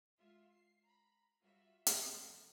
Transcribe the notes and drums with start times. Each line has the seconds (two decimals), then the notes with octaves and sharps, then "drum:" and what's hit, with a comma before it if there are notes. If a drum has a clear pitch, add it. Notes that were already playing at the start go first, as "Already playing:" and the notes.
0.17 G#3 F4 E5 C6
0.51 C7
0.83 A#5 B5
1.42 G3 F4 F#4 E5
1.87 drum: hi-hat
2.08 C#2 C3 F3 A3 A#3